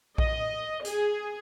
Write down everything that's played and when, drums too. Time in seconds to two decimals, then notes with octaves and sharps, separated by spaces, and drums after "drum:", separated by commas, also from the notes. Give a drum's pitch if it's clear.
0.18 D#5, drum: kick A#1
0.85 G#4, drum: hi-hat